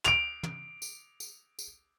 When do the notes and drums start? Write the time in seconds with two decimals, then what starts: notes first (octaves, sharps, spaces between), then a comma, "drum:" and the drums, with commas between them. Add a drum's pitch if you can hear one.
0.05 D7 F7, drum: clap
0.43 drum: tom
0.82 drum: tambourine
1.20 drum: tambourine
1.59 drum: tambourine